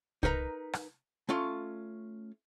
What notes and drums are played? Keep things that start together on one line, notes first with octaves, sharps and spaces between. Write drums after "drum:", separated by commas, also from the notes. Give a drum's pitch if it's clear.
D#4 A#4 B4 A#5, drum: kick C2
drum: rim click
A3 C#4 F4 C6